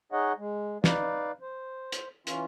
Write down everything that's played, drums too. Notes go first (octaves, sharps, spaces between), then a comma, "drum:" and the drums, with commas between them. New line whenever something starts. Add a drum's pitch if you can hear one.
D#4 G#4 C#5 D#5 F#5
G#3
D#4 B4 D5 F5, drum: snare
C5
drum: hi-hat
E3 C#4 F4, drum: hi-hat